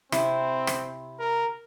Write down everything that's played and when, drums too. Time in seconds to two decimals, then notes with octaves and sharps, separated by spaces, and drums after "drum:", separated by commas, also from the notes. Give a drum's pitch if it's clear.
0.12 C3 C4 E4, drum: rim click
0.67 drum: rim click
1.19 A#4